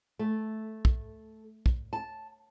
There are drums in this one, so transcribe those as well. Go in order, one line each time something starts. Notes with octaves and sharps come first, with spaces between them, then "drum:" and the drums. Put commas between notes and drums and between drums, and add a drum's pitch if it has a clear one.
A3
drum: kick
drum: kick
A5